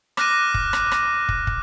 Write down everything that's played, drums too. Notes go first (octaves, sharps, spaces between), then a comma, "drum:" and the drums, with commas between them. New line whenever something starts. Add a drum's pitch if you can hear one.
D6 F6 F#6 A#6 D#7, drum: rim click
drum: kick
drum: rim click
drum: rim click
drum: kick
drum: kick